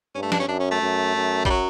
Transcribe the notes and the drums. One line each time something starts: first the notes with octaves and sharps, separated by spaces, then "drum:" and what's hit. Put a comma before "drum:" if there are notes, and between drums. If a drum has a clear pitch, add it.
G2 C#4
A3
D4, drum: snare
C#4
F#2 D4
C#4
A3
F#2
F#2
G3, drum: kick
F#3